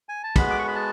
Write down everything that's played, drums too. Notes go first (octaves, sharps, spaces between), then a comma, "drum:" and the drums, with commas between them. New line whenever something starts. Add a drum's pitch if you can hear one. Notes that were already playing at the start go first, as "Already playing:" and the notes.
G#5
A5
G#3 B3 F#4 B5, drum: kick, cymbal
D6
C#6
B5
A5